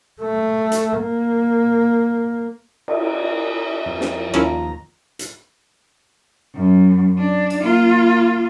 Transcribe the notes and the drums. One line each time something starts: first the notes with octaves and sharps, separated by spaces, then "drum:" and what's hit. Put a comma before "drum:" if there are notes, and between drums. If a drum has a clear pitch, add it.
A3
drum: hi-hat
A#3
drum: cymbal
F2
drum: snare
D#2 F3 C#4 E4 A#4 A#5, drum: rim click
drum: hi-hat
F#2
D4
drum: cymbal
A#3 F4